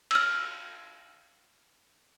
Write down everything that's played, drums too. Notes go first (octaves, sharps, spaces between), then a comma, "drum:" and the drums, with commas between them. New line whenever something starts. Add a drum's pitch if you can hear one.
E6 F6, drum: cymbal